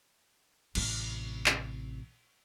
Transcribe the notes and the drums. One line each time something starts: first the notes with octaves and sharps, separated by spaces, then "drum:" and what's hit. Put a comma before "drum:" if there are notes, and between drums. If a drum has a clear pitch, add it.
A1 C3, drum: cymbal
drum: clap